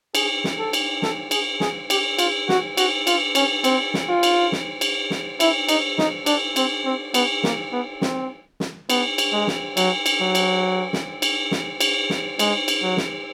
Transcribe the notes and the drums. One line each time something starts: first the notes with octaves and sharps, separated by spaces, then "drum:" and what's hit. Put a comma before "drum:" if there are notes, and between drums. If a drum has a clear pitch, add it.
G#4, drum: cymbal
drum: snare
A4
drum: cymbal
A4, drum: snare
G#4, drum: cymbal
G#4, drum: snare
G4, drum: cymbal
F4, drum: cymbal
F#4, drum: snare
F#4, drum: cymbal
F4, drum: cymbal
C#4, drum: cymbal
C4, drum: cymbal
drum: snare
F4
drum: cymbal
drum: snare
drum: cymbal
drum: snare
E4, drum: cymbal
D#4, drum: cymbal
D#4, drum: snare
D4, drum: cymbal
C4, drum: cymbal
C4
B3, drum: cymbal
A#3, drum: snare
B3
C4, drum: snare
drum: snare
B3, drum: cymbal
drum: cymbal
G#3
drum: snare
F#3, drum: cymbal
drum: cymbal
F#3
drum: cymbal
drum: snare
drum: cymbal
drum: snare
drum: cymbal
drum: snare
G#3, drum: cymbal
drum: cymbal
F#3
drum: snare